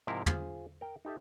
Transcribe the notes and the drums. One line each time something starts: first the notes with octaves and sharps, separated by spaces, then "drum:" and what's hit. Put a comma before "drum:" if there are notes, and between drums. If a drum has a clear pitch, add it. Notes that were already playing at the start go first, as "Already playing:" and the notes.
G#2 C3 F3 E4 A#4 F5
F4 G#4 C5, drum: tom
A#4 G5
D#4 G4 A4 E5